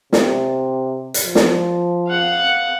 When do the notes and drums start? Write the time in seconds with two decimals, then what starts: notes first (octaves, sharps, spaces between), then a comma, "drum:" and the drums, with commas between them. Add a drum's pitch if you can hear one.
0.13 C3, drum: snare
1.14 drum: hi-hat
1.26 F3
1.35 drum: snare
2.08 F5 F#5